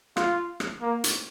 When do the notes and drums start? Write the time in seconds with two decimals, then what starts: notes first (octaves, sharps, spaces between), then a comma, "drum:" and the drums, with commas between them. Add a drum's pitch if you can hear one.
0.17 F4, drum: rim click
0.60 drum: rim click
0.82 A#3
1.04 drum: hi-hat